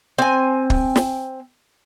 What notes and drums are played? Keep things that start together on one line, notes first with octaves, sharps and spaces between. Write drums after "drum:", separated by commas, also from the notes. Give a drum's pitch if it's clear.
C4 G#5
drum: kick
drum: snare